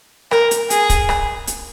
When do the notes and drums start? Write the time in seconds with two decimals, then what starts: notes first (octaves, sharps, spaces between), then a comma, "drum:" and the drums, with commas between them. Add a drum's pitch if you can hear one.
0.31 A#4, drum: rim click
0.51 drum: hi-hat
0.70 G#4, drum: hi-hat
0.90 drum: kick, hi-hat
1.09 drum: rim click
1.47 drum: hi-hat